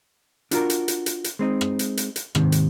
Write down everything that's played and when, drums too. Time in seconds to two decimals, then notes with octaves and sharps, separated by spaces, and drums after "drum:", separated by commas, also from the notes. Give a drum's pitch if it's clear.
0.51 D4 F4 F#4 A#4, drum: hi-hat
0.70 drum: hi-hat
0.88 drum: hi-hat
1.06 drum: hi-hat
1.24 drum: hi-hat
1.39 G#3 C4 D#4
1.61 drum: rim click
1.79 drum: hi-hat
1.97 drum: hi-hat
2.16 drum: hi-hat
2.35 D#2 G#2 C3 D#3, drum: rim click
2.52 drum: hi-hat